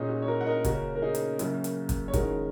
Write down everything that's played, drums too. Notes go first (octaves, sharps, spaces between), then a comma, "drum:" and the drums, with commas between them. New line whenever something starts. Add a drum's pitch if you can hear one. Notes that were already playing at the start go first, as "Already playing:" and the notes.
Already playing: A#2 A#3 C#4 D#4 G#4
F#4
C#5
F#4 A#4
F#5
A#4 D#5
C#3 A#3 C#4 F#4 A#4, drum: kick, hi-hat
A#4
D#4 G#4
drum: hi-hat
F#2 C#3 A#3 F#4, drum: hi-hat
drum: hi-hat
drum: kick, hi-hat
C#5
G#2 D#3 G#3 C#4 F#4 A#4, drum: kick, hi-hat